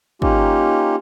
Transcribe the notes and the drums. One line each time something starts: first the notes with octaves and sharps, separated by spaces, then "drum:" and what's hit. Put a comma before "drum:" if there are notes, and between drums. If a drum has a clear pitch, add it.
A#3 C#4 D#4 F4 G4, drum: kick